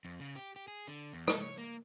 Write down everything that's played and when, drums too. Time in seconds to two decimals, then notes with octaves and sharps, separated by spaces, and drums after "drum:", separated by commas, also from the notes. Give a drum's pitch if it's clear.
0.05 F2
0.20 C#3
0.36 G4
0.56 G4
0.68 G#4
0.87 D3
1.14 E2
1.27 A4, drum: rim click
1.41 C#5
1.58 A#3